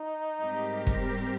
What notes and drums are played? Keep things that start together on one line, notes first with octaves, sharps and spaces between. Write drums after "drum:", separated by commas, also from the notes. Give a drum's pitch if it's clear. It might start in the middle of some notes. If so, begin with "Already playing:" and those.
Already playing: D#4
G#2 G3 C4 G4 A#4
drum: kick